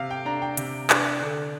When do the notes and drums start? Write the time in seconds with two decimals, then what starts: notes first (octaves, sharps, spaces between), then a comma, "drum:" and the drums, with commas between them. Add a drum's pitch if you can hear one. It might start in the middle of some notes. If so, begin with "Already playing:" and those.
Already playing: C3 F5
0.10 G5
0.25 D4 A#5
0.42 G5
0.57 C3, drum: hi-hat
0.90 D4, drum: clap
1.20 D3